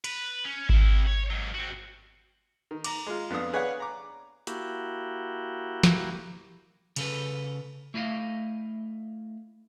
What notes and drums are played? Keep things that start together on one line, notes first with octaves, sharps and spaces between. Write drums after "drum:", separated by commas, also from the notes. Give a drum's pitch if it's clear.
B4, drum: cymbal
C#4
C3 E4, drum: kick G#1
C#5
G#2 F#3
C4 F#4
D#3
A#5 D6, drum: cymbal
G#3 F4
F2 B3 D4 F5 D#6
G#4 B4 C#5 D5 F5 F#5
A#5 D6
A#3 E4 F#4 G4, drum: hi-hat
drum: snare
C#3 A4 B4, drum: cymbal
A3 E4 D#5 F5